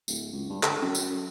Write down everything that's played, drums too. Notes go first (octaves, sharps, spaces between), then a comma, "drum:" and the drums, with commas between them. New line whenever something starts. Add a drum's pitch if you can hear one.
D1, drum: tambourine
C#2
G2
D3 A4, drum: clap
F#2 C#4
drum: tambourine